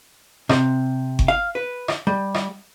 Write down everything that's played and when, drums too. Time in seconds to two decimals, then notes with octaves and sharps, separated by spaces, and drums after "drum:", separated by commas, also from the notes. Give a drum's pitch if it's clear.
0.49 C3, drum: rim click
1.19 drum: kick G1
1.28 F5
1.55 B4
1.88 drum: rim click
2.07 G3
2.34 drum: rim click